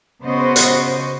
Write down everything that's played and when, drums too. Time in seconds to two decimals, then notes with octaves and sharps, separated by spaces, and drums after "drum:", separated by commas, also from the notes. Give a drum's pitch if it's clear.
0.23 C#3 B3 F#4 C5 D#5
0.56 drum: hi-hat